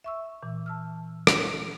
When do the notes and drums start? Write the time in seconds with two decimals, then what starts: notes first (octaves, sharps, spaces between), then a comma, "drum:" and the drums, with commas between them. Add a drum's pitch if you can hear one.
0.04 E5 C#6 E6
0.43 A#2 E3
0.66 A5 E6 F6
1.27 drum: rim click